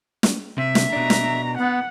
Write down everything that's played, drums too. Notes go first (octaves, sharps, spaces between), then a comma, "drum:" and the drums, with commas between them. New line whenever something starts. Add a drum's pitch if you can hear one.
drum: snare
C3 E5
drum: snare
B2 D4 A#5
drum: snare
B3 F#5